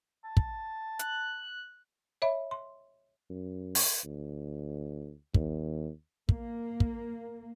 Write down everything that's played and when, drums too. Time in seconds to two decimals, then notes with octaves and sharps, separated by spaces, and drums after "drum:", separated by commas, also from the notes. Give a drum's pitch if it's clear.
0.24 A5
0.37 drum: kick
0.99 F#6, drum: hi-hat
2.22 C#5 D#5 E5 B5
2.51 C6
3.30 F#2
3.75 drum: open hi-hat
4.04 D2
5.34 D#2, drum: kick
6.29 A#3, drum: kick
6.80 drum: kick